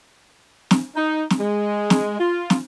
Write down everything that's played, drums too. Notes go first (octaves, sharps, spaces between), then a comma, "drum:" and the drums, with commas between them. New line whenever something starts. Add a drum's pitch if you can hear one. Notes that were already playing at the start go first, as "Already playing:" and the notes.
drum: snare
D#4
drum: snare
G#3
drum: snare
F4
drum: snare